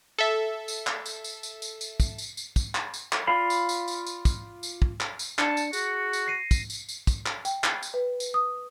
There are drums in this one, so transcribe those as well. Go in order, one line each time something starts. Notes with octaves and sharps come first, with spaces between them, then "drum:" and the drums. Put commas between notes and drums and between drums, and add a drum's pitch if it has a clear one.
A4 E5
drum: tambourine
drum: clap
drum: tambourine
drum: tambourine
drum: tambourine
drum: tambourine
drum: tambourine
drum: kick, tambourine
drum: tambourine
drum: tambourine
drum: kick, tambourine
drum: clap
drum: tambourine
drum: clap
F4 D5 F5 B5
drum: tambourine
drum: tambourine
drum: tambourine
drum: tambourine
drum: kick, tambourine
drum: tambourine
drum: kick
drum: clap
drum: tambourine
D4 A5 C#7, drum: clap
drum: tambourine
F#4 G#4, drum: tambourine
drum: tambourine
A#6 C7 D#7
drum: kick, tambourine
drum: tambourine
drum: tambourine
drum: kick, tambourine
drum: clap
G5, drum: tambourine
drum: clap
drum: tambourine
B4
drum: tambourine
D#6